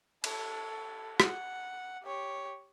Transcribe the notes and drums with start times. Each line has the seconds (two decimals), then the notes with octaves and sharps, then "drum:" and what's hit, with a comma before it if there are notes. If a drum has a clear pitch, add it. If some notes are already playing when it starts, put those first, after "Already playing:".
0.24 A4, drum: cymbal
1.20 F#5, drum: rim click
2.03 G4 C#5